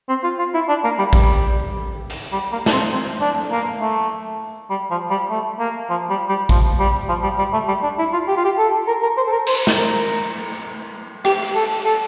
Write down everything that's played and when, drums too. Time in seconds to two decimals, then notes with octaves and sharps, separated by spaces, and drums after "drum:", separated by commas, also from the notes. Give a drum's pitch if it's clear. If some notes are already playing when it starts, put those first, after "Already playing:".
0.09 C4
0.23 F4
0.38 F4
0.54 E4
0.68 D4
0.84 A#3
0.99 G3
1.13 G3, drum: kick A1
2.10 drum: hi-hat
2.32 G3
2.52 A#3
2.66 D4, drum: snare
2.72 C4
2.91 C4
3.21 D4
3.51 A#3
3.81 A3
4.70 G3
4.90 F3
5.10 G3
5.30 A3
5.59 A#3
5.89 F3
6.10 G3
6.29 G3
6.49 F3, drum: kick A1
6.79 G3
7.08 F3
7.23 G3
7.38 G3
7.53 A3
7.68 G3
7.83 D4
7.98 E4
8.13 F4
8.28 G4
8.36 F4
8.45 G4
8.58 A4
8.87 A#4
9.02 A#4
9.17 C5
9.27 A4
9.32 A#4
9.47 C5, drum: cymbal
9.67 drum: snare
9.77 A#4
11.25 G4, drum: rim click
11.39 drum: open hi-hat
11.55 A4
11.85 A4